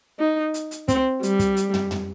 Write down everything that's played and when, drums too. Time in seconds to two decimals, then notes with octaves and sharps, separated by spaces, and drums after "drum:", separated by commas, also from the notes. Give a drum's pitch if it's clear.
0.19 D#4
0.54 drum: hi-hat
0.71 drum: hi-hat
0.88 C4, drum: kick, hi-hat
1.23 G3, drum: hi-hat
1.39 drum: kick, hi-hat
1.57 drum: hi-hat
1.74 drum: tom
1.91 drum: tom